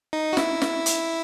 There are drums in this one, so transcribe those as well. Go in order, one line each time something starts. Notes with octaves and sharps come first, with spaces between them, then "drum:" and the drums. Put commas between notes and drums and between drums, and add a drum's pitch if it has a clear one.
D#4
F#4
E4, drum: snare
drum: snare
drum: hi-hat